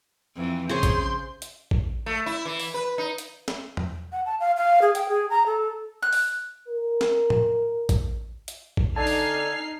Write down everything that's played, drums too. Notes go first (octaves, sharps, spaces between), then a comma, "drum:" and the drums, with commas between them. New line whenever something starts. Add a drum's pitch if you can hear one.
F2 E3
C#3 G#4 C5 C#5 C6 G6
drum: kick A1, hi-hat
drum: hi-hat
drum: kick A1
A3
E4
E3
drum: open hi-hat
B4
D#4
drum: hi-hat
drum: snare
drum: tom E2
F#5
A5
F5
F5
G#4
G5, drum: hi-hat
G#4
A#5
A4
F#6
drum: open hi-hat
A#4
drum: snare
drum: tom
drum: kick A1, hi-hat
drum: hi-hat
drum: kick A1
D3 D#4 D5 G#5 A5 F6 C7
drum: open hi-hat